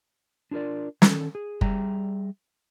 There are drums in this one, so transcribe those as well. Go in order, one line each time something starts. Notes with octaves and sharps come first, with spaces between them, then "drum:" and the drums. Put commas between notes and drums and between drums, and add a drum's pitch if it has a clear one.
D4 F4 G#4 A#4 D5
D#3 C#4 A4, drum: snare
G#4
G3 G#4 E5 G5 A#5, drum: kick